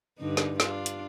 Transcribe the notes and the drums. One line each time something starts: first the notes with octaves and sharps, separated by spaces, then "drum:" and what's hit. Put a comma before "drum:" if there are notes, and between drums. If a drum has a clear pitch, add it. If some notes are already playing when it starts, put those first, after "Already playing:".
G2 D3 D#4
drum: snare
D4 F4, drum: snare
drum: hi-hat